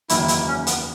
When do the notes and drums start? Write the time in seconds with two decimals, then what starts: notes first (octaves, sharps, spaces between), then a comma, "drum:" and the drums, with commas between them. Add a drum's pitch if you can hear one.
0.09 F#1 E2 D#3 F#3 A#3 E4, drum: hi-hat
0.28 E4, drum: hi-hat
0.48 C#4
0.67 B3, drum: hi-hat